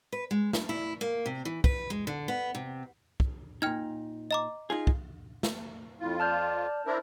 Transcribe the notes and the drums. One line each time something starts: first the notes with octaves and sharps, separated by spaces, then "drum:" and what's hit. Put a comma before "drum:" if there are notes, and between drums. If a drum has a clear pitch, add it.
B4
G#3
G2, drum: snare
E4
A#3
C3
E3
B4, drum: kick
G#3
D3
B3
C3
drum: kick
A#2 D#4 G5 F6 G#6
D#5 A#5 D6
D#4 F4 G#4
drum: kick
drum: snare
F2 E4 F4
D5 A5 F6 G6
D4 E4 A#4 C5